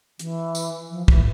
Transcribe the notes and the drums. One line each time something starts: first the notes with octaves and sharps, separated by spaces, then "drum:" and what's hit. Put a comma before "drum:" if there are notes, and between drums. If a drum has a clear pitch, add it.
E3, drum: hi-hat
drum: tambourine
F3
E3, drum: kick